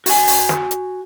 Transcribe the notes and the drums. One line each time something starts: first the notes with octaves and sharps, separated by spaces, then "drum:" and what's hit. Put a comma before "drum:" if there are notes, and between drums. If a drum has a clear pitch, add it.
F#4 G#5, drum: open hi-hat
drum: open hi-hat
drum: snare
drum: hi-hat